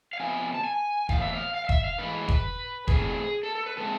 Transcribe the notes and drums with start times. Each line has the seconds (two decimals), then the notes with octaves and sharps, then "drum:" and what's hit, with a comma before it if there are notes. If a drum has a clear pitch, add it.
0.13 F5
0.20 C3 F3 B3 G#5
0.54 A5
0.64 G#5
1.09 A2 E3 B3 F5, drum: kick F1
1.21 E5
1.33 F5
1.54 F5
1.65 F5
1.69 E5, drum: kick F1
1.84 F5
1.98 A2 E3 G#3 B4
2.28 drum: kick F1
2.88 C3 E3 A3 C4 G#4, drum: kick F1
3.43 A4
3.55 A4
3.66 B4
3.77 C3 G#3 C4 A4